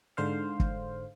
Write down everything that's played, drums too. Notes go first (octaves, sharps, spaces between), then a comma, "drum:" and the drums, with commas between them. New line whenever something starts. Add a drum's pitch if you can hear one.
G#2 D3 C5 F5
drum: kick